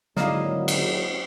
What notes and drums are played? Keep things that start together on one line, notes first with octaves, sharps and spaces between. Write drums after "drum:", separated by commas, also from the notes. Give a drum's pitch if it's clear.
G#1 D3 F#3 A#3 D4 E4 D#5 F5, drum: snare
drum: cymbal